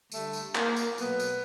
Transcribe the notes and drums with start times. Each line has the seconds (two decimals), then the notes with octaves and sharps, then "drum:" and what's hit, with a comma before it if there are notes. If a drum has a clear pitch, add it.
0.12 D3 G3 A3, drum: tambourine
0.33 drum: tambourine
0.55 A#3, drum: clap
0.76 drum: tambourine
0.98 B2 F#3 A3 B3, drum: tambourine
1.20 drum: tambourine